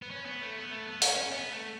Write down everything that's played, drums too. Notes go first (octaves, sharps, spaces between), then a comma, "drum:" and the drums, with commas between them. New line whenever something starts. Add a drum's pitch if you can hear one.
B3
C#4
B3
A3
B3
A3
B3
C#4, drum: open hi-hat
C#4
B3
A3